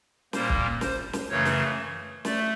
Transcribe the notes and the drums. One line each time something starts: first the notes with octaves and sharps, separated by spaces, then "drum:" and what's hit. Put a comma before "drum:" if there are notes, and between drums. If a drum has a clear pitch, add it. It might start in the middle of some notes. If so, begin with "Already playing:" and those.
A#2 G3 A#3 C5, drum: snare
drum: kick
C5, drum: snare
drum: snare
F#2 C#3 E3 A3 C#5
drum: snare
A3 D5, drum: snare